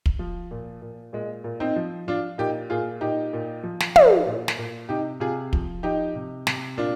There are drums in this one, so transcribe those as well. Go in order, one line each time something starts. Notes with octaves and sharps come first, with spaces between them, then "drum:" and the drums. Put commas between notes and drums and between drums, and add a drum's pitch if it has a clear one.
drum: kick
F3
A#2
A#2
A#2 G#3
A#2
C4 D#4
F3
F3 D4 F4
A#2 D#4 G4
A#2 F4 G#4
A#2 D#4 G4
A#2
F3
drum: snare
F3, drum: tom
A#2
drum: snare
A#2
C3 D#4 G4
C3 F4 G#4
F3, drum: kick
F3 D#4 G4
C3
C3, drum: snare
A#2 D4 F4